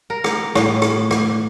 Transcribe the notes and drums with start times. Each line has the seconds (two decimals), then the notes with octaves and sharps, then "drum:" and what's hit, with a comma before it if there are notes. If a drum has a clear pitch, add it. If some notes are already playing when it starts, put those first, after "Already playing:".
0.10 A#4
0.24 drum: rim click
0.55 A2, drum: rim click
0.82 drum: rim click
1.11 drum: rim click